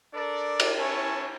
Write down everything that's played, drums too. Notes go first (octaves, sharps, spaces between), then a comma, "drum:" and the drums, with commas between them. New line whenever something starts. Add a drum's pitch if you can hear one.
D4 A4 A#4 D5
drum: cymbal
C#4 E4 B4 C#5 G#5 A5